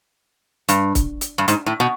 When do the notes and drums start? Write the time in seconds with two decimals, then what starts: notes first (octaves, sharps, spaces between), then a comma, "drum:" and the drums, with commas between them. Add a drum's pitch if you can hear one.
0.69 G2, drum: hi-hat
0.95 drum: kick, hi-hat
1.21 drum: hi-hat
1.38 G2
1.48 G#2, drum: hi-hat
1.66 A2
1.80 B2